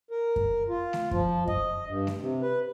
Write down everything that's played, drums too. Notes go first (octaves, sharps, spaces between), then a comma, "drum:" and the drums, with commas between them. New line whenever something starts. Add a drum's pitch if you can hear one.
A#4
drum: kick F#2
F4
drum: snare A3
F3, drum: kick F#2
D#5, drum: kick F#2
G2
drum: snare A3
C3
B4